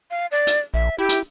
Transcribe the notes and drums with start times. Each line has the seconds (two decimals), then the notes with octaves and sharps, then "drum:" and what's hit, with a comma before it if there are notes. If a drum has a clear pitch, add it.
0.11 F5
0.31 D5
0.47 drum: hi-hat
0.74 A#1 E5
0.98 E4 G4
1.09 drum: hi-hat